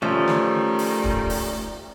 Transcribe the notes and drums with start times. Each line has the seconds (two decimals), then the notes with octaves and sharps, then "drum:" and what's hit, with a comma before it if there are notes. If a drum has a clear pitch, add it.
0.02 D#3 F3 G3 A3 C#4 A4, drum: tom D#3
0.28 drum: snare
0.79 drum: open hi-hat
1.04 drum: kick
1.30 drum: open hi-hat